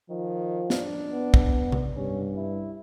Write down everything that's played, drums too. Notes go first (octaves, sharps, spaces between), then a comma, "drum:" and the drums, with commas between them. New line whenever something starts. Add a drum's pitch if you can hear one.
D#3 F3
D4, drum: snare
B3
drum: kick
drum: tom C3
G2 C#4
E4